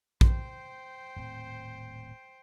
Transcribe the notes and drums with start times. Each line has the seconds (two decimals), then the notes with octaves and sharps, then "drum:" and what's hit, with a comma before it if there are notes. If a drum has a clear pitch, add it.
0.21 C5 G5, drum: kick
1.16 D#1 A2 C4